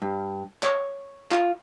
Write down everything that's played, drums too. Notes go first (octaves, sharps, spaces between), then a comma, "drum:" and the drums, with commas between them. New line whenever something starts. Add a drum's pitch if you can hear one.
G2
C#5, drum: clap
F4, drum: clap